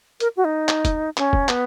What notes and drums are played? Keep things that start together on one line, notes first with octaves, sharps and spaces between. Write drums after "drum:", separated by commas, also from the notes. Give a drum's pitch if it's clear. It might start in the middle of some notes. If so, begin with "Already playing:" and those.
A#4, drum: hi-hat
F#4
D#4
drum: clap
drum: kick, hi-hat
C#4, drum: clap
drum: kick
B3, drum: clap